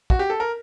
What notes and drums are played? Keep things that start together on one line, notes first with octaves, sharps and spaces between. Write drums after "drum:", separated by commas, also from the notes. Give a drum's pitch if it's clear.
F#4, drum: kick
G4
A4
A#4